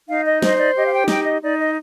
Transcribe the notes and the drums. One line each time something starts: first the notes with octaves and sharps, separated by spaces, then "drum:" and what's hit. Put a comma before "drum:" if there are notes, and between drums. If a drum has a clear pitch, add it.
D#4 F5
D#5
C5 D#5, drum: snare
D5
G4 D#5
F5
G5
D#4 G5, drum: snare
D#5
D#4 D5
D#5